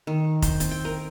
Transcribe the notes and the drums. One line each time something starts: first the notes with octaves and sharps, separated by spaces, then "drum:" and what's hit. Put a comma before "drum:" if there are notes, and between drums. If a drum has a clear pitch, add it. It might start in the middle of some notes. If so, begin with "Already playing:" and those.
D#3
C5, drum: kick F1, hi-hat
C4, drum: hi-hat
G5
A#4